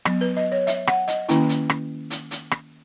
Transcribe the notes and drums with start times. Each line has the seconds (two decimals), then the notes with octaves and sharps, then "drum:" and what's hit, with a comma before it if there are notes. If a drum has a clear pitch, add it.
0.05 F#3 B3, drum: rim click
0.21 B4
0.37 D#5
0.52 C#5
0.67 E5, drum: hi-hat
0.87 F#5, drum: rim click
1.08 D#5, drum: hi-hat
1.29 D#3 A#3 C#4 E4, drum: hi-hat
1.49 drum: hi-hat
1.70 drum: rim click
2.10 drum: hi-hat
2.31 drum: hi-hat
2.51 drum: rim click